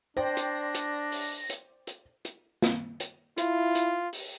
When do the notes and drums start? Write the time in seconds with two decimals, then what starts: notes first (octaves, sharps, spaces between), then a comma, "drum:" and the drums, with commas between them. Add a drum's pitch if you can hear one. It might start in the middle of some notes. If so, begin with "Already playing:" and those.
0.17 D4 C5 D5 G5 C6 A#6
0.37 drum: hi-hat
0.74 drum: hi-hat
1.12 drum: open hi-hat
1.50 drum: hi-hat
1.87 drum: hi-hat
2.25 drum: hi-hat
2.62 drum: snare
3.00 drum: hi-hat
3.38 E4 F4, drum: hi-hat
3.75 drum: hi-hat
4.13 drum: open hi-hat